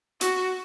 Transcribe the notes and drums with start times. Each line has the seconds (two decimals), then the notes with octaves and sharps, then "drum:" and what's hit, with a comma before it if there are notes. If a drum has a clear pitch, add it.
0.21 F#4, drum: hi-hat